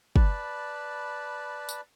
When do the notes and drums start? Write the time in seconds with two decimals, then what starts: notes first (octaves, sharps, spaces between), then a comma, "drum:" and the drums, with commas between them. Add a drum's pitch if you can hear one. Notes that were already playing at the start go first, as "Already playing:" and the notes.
0.16 B4 D5 A5 B5, drum: kick
1.69 drum: tambourine